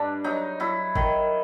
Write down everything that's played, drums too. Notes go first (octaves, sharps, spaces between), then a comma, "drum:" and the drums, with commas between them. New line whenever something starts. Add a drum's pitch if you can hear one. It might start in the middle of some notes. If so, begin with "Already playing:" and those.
Already playing: G2 D4
F#3 D#4
F#3 E4
D#3, drum: kick G1